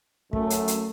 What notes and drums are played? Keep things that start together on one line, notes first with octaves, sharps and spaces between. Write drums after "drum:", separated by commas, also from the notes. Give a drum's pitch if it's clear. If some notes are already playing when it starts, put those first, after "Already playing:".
F#2 A3, drum: kick
drum: hi-hat
drum: hi-hat